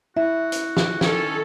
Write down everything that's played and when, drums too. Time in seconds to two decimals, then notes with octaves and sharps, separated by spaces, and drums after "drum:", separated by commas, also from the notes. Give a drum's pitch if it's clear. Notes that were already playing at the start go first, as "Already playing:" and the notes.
0.17 E4 F#4 E5
0.52 drum: hi-hat
0.77 drum: snare
1.01 D#3 C#4 A4, drum: snare